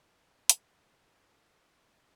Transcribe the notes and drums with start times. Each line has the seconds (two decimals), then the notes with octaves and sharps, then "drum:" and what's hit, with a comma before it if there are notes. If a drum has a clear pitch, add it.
0.07 E4 F6
0.49 D4 E4 F4 G#4 F5, drum: hi-hat
1.25 B2 E3
1.46 D2 A#4 C#5 F#5